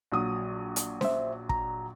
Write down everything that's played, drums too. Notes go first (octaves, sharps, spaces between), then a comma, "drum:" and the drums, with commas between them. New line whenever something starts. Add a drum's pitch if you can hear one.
A#1 F#3 D#6
drum: hi-hat
C5 E5, drum: snare C#4
A#5, drum: kick